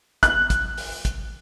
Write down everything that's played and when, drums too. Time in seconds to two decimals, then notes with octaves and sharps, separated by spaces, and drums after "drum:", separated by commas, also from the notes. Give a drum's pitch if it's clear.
0.23 F#6, drum: kick, hi-hat
0.50 drum: kick, hi-hat
0.78 drum: open hi-hat
1.05 drum: kick, hi-hat